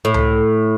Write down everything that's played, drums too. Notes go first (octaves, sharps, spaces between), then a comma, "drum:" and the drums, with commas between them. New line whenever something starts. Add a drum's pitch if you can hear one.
A2
drum: tom C#2